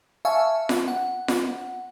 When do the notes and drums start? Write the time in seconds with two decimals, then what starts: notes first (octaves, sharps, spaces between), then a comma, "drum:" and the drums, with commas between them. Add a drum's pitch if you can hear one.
0.25 E5 F5 G#5 A5 C#6 E6
0.69 drum: snare F4
0.88 F#5
1.28 drum: snare F4